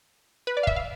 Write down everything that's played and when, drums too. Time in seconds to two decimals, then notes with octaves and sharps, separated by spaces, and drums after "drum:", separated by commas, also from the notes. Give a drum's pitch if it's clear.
0.47 B4
0.57 D5
0.63 F5
0.67 E5, drum: kick
0.76 F5